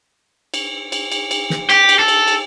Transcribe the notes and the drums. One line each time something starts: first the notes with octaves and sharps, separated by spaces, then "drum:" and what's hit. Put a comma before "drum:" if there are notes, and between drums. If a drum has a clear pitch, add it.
drum: cymbal
drum: cymbal
drum: cymbal
drum: cymbal
drum: snare
G4, drum: cymbal
drum: cymbal
A4
drum: cymbal
drum: cymbal